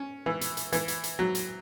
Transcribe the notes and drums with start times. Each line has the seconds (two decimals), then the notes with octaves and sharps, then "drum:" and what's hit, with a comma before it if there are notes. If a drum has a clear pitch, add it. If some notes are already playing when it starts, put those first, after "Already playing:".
Already playing: C#4
0.26 E3
0.41 drum: hi-hat
0.57 drum: hi-hat
0.72 E3, drum: hi-hat
0.88 drum: hi-hat
1.04 drum: hi-hat
1.19 F#3
1.35 drum: hi-hat